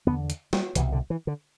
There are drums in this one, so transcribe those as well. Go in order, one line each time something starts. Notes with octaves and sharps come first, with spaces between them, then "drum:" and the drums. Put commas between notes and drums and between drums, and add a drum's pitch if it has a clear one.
E2 D3 B3
drum: hi-hat
G3, drum: snare
C2 B2 E3, drum: hi-hat
D3
E3
D3